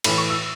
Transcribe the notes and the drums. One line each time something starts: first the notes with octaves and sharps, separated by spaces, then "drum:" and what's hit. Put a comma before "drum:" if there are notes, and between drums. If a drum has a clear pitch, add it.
A2 E3 B5, drum: cymbal
C#6
E6